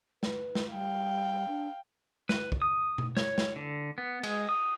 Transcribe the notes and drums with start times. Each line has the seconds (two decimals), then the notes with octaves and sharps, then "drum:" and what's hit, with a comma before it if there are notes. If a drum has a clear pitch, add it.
0.23 B4, drum: snare
0.55 drum: snare
0.72 G3 F5 G5
1.48 D4
2.29 B4, drum: snare
2.52 drum: kick
2.62 D#6
2.98 drum: tom B2
3.17 C#5, drum: snare
3.38 drum: snare
3.56 D3
3.98 B3
4.23 G#3, drum: cymbal
4.49 D#6